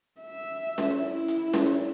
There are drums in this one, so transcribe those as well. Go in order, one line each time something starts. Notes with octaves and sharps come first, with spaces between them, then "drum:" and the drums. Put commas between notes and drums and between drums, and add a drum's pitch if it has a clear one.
E5
drum: snare C#4
E4
drum: hi-hat
drum: snare C#4